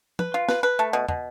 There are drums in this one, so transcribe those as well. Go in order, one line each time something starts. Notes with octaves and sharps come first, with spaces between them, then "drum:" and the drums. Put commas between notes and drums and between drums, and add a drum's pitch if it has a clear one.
B4, drum: tom
F4
B4, drum: snare
B4
A3
B2
B2, drum: tom